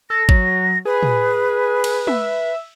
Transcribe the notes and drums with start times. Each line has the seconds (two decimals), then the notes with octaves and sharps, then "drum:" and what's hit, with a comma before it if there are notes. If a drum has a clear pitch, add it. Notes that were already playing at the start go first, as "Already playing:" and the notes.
0.10 A4 A#6
0.29 F#3, drum: kick
0.85 G#4 B4
1.03 drum: tom
1.84 drum: cymbal
2.07 E5, drum: tom